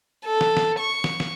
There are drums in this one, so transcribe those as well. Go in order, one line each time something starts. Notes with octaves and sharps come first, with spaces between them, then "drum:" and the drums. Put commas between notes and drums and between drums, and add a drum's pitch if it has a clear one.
A4
drum: snare
drum: snare
C#6
drum: snare
drum: snare